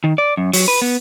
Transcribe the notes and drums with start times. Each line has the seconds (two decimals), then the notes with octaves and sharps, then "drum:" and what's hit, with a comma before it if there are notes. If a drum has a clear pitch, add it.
0.04 D#3
0.18 D5
0.37 F#2
0.53 F#3, drum: open hi-hat
0.68 B4
0.82 B3